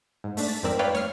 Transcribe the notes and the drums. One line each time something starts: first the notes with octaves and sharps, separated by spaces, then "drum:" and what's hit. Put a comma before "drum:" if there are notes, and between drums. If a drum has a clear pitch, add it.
G#2
A3 D4, drum: open hi-hat
A6
F2 G#2 C4 A#4 D5 E6
B4 C#5 D5 F5 G5
C#5 F6 C7, drum: snare